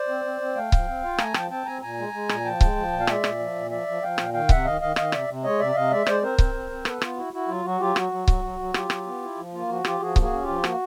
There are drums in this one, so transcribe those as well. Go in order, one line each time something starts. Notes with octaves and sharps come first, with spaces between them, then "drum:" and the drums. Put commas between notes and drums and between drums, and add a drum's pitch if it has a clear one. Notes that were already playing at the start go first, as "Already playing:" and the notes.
Already playing: C5 D5
C4
C4
C4
A3 F5 G5
F3, drum: kick C#1
C4
F4
A3 G#5 A#5, drum: rim click
F3 G5 A5, drum: rim click
C4 G5 A5
C4 G#5 A#5
A#2 G#5 A#5
G#3
G#3
A#2, drum: rim click
F3 G5 A5
G#3, drum: kick C#1
F3
A#2
F5
G#3 D5 E5, drum: rim click
A#2, drum: rim click
F3
A#2
F3 D5 E5
F3
F3 F5 G5
A#2, drum: rim click
D#3 F5 G5
C3 E5 F#5, drum: kick C#1
D#3 D#5 F5
D#3 D#5 F5
D#3 D#5 F5, drum: rim click
C3 D5 E5, drum: rim click
C3
G#3 C#5 D#5
C3 D5 E5
E5
C3 D#5 F5
G#3 D5 E5
G#3 C5 D5, drum: rim click
C4 A#4 C5
C4, drum: kick C#1
C4
C4
B3 A4 B4, drum: rim click
B3 F4, drum: rim click
E4 F#4
E4 F#4
F#3 F4
F#3 F#4
F#3 F4 G4
F#3 F#4, drum: rim click
F#3
F#3, drum: kick C#1
F#3
F#3
F#3 F4 G4, drum: rim click
F#3, drum: rim click
B3
E4
F3
A#3 F4
F3 F#4
F3 F4 G4, drum: rim click
F3 F#4 G#4
A#3, drum: kick C#1
F#4 G#4
C#4
F4 G4
F3
A#3 F#4, drum: rim click